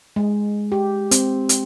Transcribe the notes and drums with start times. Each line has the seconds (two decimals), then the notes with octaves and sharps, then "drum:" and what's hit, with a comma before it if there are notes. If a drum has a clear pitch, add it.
0.16 G#3
0.72 G4
1.11 C4, drum: hi-hat
1.49 drum: hi-hat